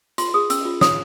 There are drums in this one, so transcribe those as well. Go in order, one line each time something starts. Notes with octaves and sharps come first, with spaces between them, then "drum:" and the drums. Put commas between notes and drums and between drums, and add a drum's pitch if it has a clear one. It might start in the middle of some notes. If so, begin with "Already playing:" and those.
F4 C6, drum: hi-hat
G#4 D#6
C#4 E6, drum: hi-hat
F4
C#5 D#6, drum: snare